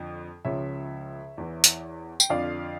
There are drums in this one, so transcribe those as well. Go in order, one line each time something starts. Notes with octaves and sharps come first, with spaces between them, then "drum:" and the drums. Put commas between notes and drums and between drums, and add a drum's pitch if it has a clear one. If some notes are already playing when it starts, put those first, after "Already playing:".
Already playing: F2 D3 F3
C#2 C#3 F3 C#5 E5
E2 E3
drum: hi-hat
G5, drum: tambourine
F2 D3 F3 D5 F5